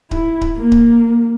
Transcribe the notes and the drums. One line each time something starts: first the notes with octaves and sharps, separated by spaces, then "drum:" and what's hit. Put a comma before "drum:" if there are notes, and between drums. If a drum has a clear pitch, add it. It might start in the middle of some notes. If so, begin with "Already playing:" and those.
E4, drum: kick D1
drum: kick D1
A#3
drum: kick D1